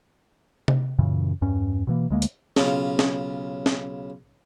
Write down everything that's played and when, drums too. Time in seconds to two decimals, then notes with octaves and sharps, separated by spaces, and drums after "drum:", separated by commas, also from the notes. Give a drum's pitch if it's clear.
0.68 drum: tom C3
0.99 F#2 A#2 C#3 E3
1.42 E2 G2 C#4
1.87 B2 E3 A#3
2.11 D2 G#3 A#3
2.22 drum: hi-hat
2.56 B1 C#3 F4, drum: snare
2.99 drum: snare
3.66 drum: snare